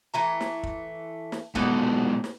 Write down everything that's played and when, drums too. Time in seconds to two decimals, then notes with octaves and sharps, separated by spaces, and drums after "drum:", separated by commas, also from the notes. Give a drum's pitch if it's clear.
0.14 E3 A3 A#5
0.41 drum: snare
0.63 drum: kick
1.32 drum: snare
1.55 G#2 B2 E3 B3 A4, drum: kick
2.24 drum: snare